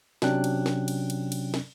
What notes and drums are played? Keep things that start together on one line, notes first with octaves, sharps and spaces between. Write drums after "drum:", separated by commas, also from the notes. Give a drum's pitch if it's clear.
C3 F#3 C#4 D4 G5 F#6, drum: snare
drum: cymbal
drum: snare
drum: cymbal
drum: cymbal
drum: cymbal
drum: snare